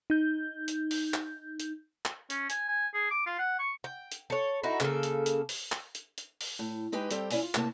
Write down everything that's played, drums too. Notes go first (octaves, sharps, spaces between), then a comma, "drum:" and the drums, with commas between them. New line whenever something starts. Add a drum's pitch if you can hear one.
D#4 G6
drum: hi-hat
drum: open hi-hat
drum: clap
drum: hi-hat
drum: clap
C#4, drum: hi-hat
G#5, drum: hi-hat
G#5
G#4
D6
F4
F#5
C#6
G5
drum: hi-hat
A4 C#5
D#4 E4 F#4
C#3 A#3 A4, drum: clap
drum: hi-hat
drum: hi-hat
drum: open hi-hat
drum: clap
drum: hi-hat
drum: hi-hat
drum: open hi-hat
A2
G#3 D#4 G4 B4 G5
G3 C4 G4 A4 C5 G5, drum: hi-hat
C#4 E4 D5 E5 G#5, drum: open hi-hat
F4
A2 C3 A#3 D5 A5, drum: clap